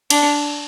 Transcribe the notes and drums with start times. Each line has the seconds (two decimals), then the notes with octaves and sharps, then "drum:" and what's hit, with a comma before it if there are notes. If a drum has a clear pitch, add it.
0.10 D4, drum: cymbal